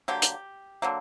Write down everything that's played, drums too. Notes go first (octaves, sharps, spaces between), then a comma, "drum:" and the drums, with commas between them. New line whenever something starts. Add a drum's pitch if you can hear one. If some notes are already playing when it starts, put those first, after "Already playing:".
D3 F#3 A#3 G4
drum: hi-hat
D3 F#3 A#3